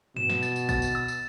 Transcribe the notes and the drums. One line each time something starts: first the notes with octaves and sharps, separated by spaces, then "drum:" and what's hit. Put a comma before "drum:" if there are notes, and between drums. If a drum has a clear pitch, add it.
B2 E7, drum: tom G2
drum: snare
A6, drum: tambourine
drum: tambourine
A6, drum: kick, tambourine
drum: tambourine
E6
drum: tambourine